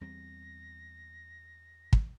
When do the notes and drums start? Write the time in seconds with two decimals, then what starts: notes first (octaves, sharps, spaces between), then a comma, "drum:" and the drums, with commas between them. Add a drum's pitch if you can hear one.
0.01 E2 G3 C4 A#6
1.93 drum: kick